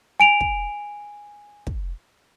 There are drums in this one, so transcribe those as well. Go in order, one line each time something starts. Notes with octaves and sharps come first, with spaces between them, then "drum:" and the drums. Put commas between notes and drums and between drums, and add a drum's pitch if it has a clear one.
G#5 D7 F7
drum: kick
drum: kick